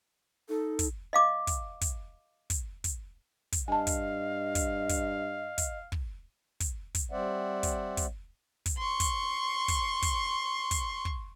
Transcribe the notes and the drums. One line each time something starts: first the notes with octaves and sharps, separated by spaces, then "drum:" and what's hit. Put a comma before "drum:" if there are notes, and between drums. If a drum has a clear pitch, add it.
D#4 A4
drum: kick, hi-hat
D#5 F5 D6
drum: kick, hi-hat
drum: kick, hi-hat
drum: kick, hi-hat
drum: kick, hi-hat
drum: kick, hi-hat
G2 D#5 F5 G#5 A5
drum: kick, hi-hat
drum: kick, hi-hat
drum: kick, hi-hat
drum: kick, hi-hat
drum: kick
drum: kick, hi-hat
drum: kick, hi-hat
G3 C4 C5 D5 E5 F#5
drum: kick, hi-hat
drum: kick, hi-hat
drum: kick, hi-hat
C6 C#6
drum: kick, hi-hat
drum: kick, hi-hat
drum: kick, hi-hat
drum: kick, hi-hat
drum: kick